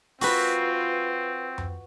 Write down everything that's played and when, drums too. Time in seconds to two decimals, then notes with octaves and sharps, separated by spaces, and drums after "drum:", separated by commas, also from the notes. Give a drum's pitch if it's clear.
0.21 C4 F4 F#4 B4, drum: open hi-hat
1.58 drum: tom F2